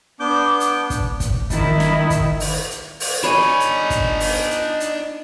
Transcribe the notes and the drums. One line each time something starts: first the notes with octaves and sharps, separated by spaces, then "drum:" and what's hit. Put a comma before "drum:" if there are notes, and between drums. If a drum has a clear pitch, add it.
B3 D4 D6 G6
drum: hi-hat
drum: kick, hi-hat
drum: kick, hi-hat
D#3 E4, drum: kick, hi-hat
drum: snare
drum: kick, hi-hat
drum: open hi-hat
drum: hi-hat
drum: open hi-hat
D4 D#4 C#5 G#5 B5
drum: hi-hat
drum: kick, hi-hat
drum: open hi-hat
drum: hi-hat
drum: hi-hat